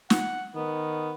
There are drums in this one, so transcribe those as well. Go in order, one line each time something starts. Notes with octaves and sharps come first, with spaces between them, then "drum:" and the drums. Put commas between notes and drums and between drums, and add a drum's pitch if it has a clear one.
F#5, drum: snare
D#3 B3